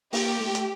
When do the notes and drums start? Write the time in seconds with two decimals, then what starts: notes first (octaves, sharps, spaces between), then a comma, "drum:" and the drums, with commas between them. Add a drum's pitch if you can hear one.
0.13 A#3 G4, drum: open hi-hat
0.40 A3
0.55 drum: hi-hat